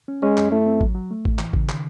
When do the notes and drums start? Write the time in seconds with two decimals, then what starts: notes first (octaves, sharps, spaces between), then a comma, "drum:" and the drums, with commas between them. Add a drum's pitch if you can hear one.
0.08 C#4
0.22 G#3 C#4
0.37 F#2, drum: clap
0.52 A3 E4
0.66 C4
0.81 F#3, drum: kick G#1
0.95 F#3
1.11 A3
1.25 A2, drum: kick G#1
1.39 E3, drum: clap
1.53 C#3, drum: kick G#1
1.69 D#3, drum: clap